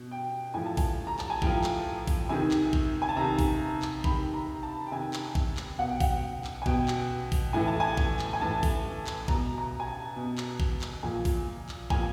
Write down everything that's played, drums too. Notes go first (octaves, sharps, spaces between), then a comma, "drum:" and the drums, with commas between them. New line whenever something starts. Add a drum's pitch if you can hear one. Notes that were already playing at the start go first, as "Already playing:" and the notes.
Already playing: B2
G5
A2 F3 G#5
A5
G#5, drum: kick, open hi-hat
A#5
A5, drum: clap
G#5
A2 F3 G5, drum: kick
drum: clap
drum: kick, open hi-hat
C3 D#3 G#5
drum: clap
drum: kick
G#5
A5
C3 D#3 A#5
drum: kick, open hi-hat
drum: clap
C3 D#3 B5, drum: kick
A#5
A5
G5
C3 D#3 G#5
drum: clap
drum: kick
drum: clap
B2 F#5
G5
F#5, drum: kick, open hi-hat
drum: clap
G#5
B2 G5, drum: kick
drum: clap
drum: kick, open hi-hat
A2 E3 G#5
A5
G#5
drum: kick
drum: clap
G#5
A2 E3 A5
drum: kick, open hi-hat
drum: clap
B2 A#5, drum: kick
A#5
G#5
A5
B2
drum: clap
drum: kick
drum: clap
A#2 F3 G#5
drum: kick, open hi-hat
drum: clap
A#2 F3 G#5, drum: kick